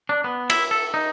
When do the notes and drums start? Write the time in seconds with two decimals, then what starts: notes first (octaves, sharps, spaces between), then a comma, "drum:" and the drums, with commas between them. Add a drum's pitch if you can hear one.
0.09 D4
0.24 B3
0.50 E4, drum: cymbal
0.71 A4
0.94 D#4